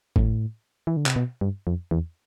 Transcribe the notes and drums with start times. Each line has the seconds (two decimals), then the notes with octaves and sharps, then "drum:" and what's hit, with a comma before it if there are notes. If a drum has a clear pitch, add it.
0.16 A2, drum: kick G#1
0.87 E3
0.97 D3
1.06 C3, drum: clap
1.16 B2
1.41 G2
1.67 F2
1.91 E2